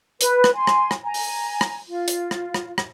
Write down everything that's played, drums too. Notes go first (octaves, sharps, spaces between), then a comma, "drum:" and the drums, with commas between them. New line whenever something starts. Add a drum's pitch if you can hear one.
B4, drum: hi-hat
drum: rim click
G#5 C6
drum: rim click
drum: rim click
G#5 A#5
drum: open hi-hat
drum: rim click
F4
drum: hi-hat
drum: rim click
drum: rim click
drum: rim click